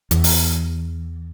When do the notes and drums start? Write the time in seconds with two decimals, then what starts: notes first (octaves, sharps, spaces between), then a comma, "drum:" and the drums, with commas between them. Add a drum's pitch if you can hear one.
0.11 E2, drum: hi-hat
0.24 drum: open hi-hat